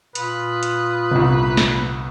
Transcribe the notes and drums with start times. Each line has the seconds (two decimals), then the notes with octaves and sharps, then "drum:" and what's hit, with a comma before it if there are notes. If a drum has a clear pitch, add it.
0.15 A#2 F4 B4 D#6, drum: hi-hat
0.63 drum: hi-hat
1.11 G1 C2, drum: tom C3
1.57 drum: snare